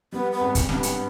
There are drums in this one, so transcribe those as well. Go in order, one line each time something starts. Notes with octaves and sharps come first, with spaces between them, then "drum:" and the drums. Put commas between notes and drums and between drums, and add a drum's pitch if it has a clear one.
G3 B3
B3
G#1
drum: kick, hi-hat
G2 B3, drum: snare
drum: hi-hat